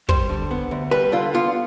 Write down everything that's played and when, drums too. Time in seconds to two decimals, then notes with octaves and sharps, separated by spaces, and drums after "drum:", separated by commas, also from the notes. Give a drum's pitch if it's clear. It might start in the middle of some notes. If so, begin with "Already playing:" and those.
0.09 G3 C5, drum: kick
0.29 D3
0.51 B3
0.71 D2
0.91 G3 B4
1.12 D3 F4
1.34 B3 F4